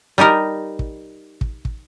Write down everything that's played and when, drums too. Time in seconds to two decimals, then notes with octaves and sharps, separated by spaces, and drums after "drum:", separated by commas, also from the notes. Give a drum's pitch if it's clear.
0.18 G3 D#4 G4 A#4
0.79 drum: kick
1.41 drum: kick
1.65 drum: kick